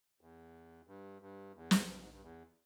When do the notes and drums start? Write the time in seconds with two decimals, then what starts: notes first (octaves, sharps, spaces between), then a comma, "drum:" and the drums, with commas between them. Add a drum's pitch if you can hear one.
0.21 E2
0.88 G2
1.22 G2
1.55 E2
1.71 drum: snare
1.89 G2
1.99 G#2
2.11 G2
2.22 E2